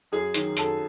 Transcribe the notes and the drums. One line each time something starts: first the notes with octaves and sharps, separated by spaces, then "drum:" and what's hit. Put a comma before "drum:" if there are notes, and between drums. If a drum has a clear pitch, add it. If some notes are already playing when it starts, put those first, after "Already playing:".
F#2 G#4
D#3 F#3, drum: hi-hat
F#2 A4, drum: hi-hat